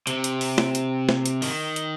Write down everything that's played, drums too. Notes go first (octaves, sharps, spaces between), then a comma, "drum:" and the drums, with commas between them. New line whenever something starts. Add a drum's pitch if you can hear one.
C3, drum: hi-hat
drum: hi-hat
drum: open hi-hat
drum: snare
drum: hi-hat
drum: snare
drum: hi-hat
D#3, drum: open hi-hat
drum: hi-hat